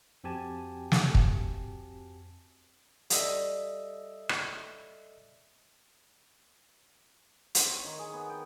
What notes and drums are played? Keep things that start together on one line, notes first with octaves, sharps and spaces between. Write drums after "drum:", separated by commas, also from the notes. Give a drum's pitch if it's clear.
F2 C4 F#4 G4 G#5 A5
drum: snare
drum: kick
G3 A4 D#5 E5, drum: hi-hat
drum: rim click
C4, drum: hi-hat
C#5
D#3
G#4
B3
G5